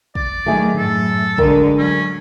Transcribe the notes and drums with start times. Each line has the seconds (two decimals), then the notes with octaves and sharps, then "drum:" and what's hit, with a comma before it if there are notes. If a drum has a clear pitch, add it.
0.15 D5, drum: kick
0.46 D#3 F#3 A3 G#4
0.78 F#2 A2 A4
1.38 D2 D3 G#3 A#4, drum: kick
1.78 F#3 C#4